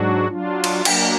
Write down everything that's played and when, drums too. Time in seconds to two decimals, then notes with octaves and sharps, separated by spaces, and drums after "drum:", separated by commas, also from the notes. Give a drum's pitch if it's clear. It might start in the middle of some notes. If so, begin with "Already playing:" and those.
Already playing: G#2 F#3 D4 F#4
0.28 F#3 D4 F4
0.64 drum: cymbal
0.85 F#3 A#3 D4, drum: cymbal